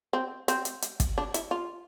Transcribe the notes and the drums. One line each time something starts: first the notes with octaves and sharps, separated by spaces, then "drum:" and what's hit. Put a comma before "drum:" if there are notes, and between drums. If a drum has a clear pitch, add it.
C4
C4, drum: hi-hat
drum: hi-hat
drum: hi-hat
drum: kick, hi-hat
D4
E4, drum: hi-hat
F4